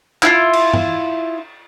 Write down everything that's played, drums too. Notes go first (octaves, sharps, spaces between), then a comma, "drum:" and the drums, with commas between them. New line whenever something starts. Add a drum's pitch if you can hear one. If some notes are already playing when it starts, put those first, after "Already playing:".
E4 F4, drum: clap
drum: cymbal
drum: tom G2